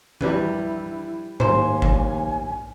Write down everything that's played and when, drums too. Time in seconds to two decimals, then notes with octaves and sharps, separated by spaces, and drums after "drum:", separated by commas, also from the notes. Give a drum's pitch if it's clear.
0.21 G3 E4 B4, drum: tom E3
1.40 D#2 C5 G#5, drum: tom G#2
1.82 drum: kick G1